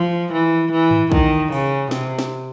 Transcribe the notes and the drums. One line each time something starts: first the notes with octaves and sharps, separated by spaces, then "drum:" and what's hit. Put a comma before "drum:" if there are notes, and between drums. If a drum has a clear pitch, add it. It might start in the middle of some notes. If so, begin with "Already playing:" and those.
Already playing: F3
E3
E3
drum: tom G#2
D#3, drum: kick
C#3, drum: open hi-hat
C3, drum: snare
drum: snare